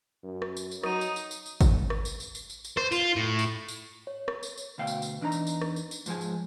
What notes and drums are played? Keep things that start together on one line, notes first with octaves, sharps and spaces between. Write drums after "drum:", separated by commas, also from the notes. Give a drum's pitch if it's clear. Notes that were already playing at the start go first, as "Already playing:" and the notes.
F#2
drum: rim click
drum: tambourine
drum: tambourine
F#3 D#4 D#6 D#7, drum: rim click
drum: tambourine
drum: tambourine
drum: tambourine
drum: tambourine
drum: kick, tambourine
drum: rim click
drum: tambourine
drum: tambourine
drum: tambourine
drum: tambourine
drum: tambourine
C5, drum: rim click
F4, drum: tambourine
A2
drum: tambourine
drum: tambourine
C#5
drum: rim click
drum: tambourine
drum: tambourine
D2 B2 F5 G5
drum: tambourine
drum: tambourine
E2 D4 D#4 A#5
drum: tambourine
drum: tambourine
drum: rim click
drum: tambourine
drum: tambourine
G#2 F3 G#3 G#5, drum: tambourine
drum: tambourine